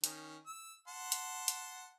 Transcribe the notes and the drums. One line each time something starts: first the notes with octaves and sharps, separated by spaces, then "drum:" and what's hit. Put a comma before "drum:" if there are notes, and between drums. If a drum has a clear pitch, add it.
D#3 C#4, drum: hi-hat
E6
F#5 A5 C6
drum: hi-hat
drum: hi-hat